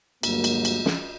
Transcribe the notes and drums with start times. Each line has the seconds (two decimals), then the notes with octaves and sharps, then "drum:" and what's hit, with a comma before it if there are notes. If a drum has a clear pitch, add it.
0.23 D2 G2 F#3 G#3 A#3, drum: cymbal
0.44 drum: cymbal
0.65 drum: cymbal
0.86 drum: snare